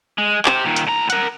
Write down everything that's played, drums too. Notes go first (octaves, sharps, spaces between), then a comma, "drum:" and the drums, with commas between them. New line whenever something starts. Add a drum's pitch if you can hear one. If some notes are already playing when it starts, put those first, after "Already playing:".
G#3
G4 C5, drum: clap
A#2 D#3
drum: hi-hat
A2 A#5
A#4 F#5, drum: hi-hat